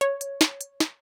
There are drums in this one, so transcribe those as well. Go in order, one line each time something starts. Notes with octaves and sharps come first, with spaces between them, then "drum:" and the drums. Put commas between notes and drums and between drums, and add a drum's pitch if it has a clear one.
C#5, drum: hi-hat
drum: hi-hat
drum: snare
drum: hi-hat
drum: snare